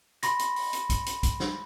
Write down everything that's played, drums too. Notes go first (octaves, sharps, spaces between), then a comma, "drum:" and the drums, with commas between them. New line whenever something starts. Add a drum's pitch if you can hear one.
B5 C6 A#6, drum: hi-hat
drum: hi-hat
drum: open hi-hat
drum: hi-hat
drum: kick, hi-hat
drum: hi-hat
drum: kick, hi-hat
drum: snare